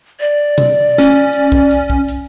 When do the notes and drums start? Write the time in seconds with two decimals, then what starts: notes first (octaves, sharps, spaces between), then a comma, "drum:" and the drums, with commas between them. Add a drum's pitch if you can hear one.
0.20 D5
0.58 drum: tom B2
0.98 C#4, drum: snare
1.33 drum: hi-hat
1.52 drum: kick B1
1.71 drum: hi-hat
1.90 drum: kick B1
2.09 drum: hi-hat